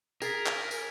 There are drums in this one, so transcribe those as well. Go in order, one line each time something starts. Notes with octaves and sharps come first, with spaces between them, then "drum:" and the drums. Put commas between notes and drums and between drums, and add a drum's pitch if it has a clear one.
G#4 A#4 G#6 A6 B6, drum: tambourine
drum: clap
drum: tambourine